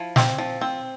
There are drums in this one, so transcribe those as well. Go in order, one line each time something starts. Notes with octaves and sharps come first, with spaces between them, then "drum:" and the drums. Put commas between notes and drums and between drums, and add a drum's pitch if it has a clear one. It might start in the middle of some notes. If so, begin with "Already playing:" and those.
Already playing: F3 E4
C4, drum: snare
F3
C4